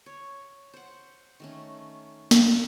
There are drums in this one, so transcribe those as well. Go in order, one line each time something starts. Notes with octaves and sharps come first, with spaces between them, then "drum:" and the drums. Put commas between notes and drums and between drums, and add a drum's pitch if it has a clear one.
C#5
C5 F#5
D#3 A3 C#4
drum: snare